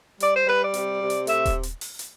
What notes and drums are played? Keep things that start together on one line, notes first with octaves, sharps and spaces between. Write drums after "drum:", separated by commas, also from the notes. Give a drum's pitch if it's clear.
G3 D5, drum: hi-hat
C5
G3 B4
D5
C3, drum: hi-hat
C3
drum: hi-hat
A3 E5, drum: hi-hat
drum: kick D#1, hi-hat
drum: hi-hat
drum: open hi-hat
drum: hi-hat